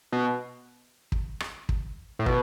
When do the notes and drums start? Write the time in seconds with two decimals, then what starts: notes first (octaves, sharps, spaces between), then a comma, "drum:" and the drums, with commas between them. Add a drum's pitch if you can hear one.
0.12 B2
1.12 drum: kick
1.40 drum: rim click
1.69 drum: kick
2.19 A2
2.26 B2, drum: kick